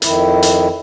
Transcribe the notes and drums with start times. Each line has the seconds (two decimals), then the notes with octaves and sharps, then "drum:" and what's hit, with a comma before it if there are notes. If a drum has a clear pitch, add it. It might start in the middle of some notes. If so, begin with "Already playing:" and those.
0.02 F2 D#3 E4, drum: hi-hat
0.43 drum: hi-hat